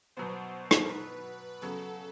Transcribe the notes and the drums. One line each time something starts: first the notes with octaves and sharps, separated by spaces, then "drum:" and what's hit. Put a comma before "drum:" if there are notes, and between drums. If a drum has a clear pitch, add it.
B2 F#3 B3 C5
drum: rim click
A#4
B4
C#3 F#3 B3 A4